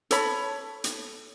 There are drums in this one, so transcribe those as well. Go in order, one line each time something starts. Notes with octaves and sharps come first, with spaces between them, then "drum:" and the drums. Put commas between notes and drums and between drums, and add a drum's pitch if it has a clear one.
A4 C#5 B5, drum: hi-hat
drum: hi-hat